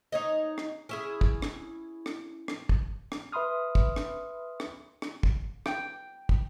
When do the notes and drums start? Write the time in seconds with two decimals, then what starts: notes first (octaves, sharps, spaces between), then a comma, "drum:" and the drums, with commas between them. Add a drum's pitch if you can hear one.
0.12 D#4 C#5 D#5
0.58 drum: rim click
0.89 C#4 E4 G#4
1.21 drum: kick
1.42 drum: rim click
2.06 drum: rim click
2.48 drum: rim click
2.69 drum: kick
3.12 drum: rim click
3.32 B4 E5 B5 C6 D#6 F6
3.75 drum: kick
3.96 drum: rim click
4.60 drum: rim click
5.02 drum: rim click
5.23 drum: kick
5.66 G5, drum: rim click
6.29 drum: kick